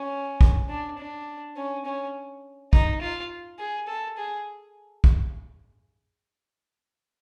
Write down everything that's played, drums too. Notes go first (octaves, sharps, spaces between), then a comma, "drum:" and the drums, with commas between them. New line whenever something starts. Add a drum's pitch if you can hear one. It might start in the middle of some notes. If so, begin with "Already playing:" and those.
Already playing: C#4
drum: kick
D4
D4
C#4
C#4
D#4, drum: kick
F4
G#4
A4
G#4
drum: kick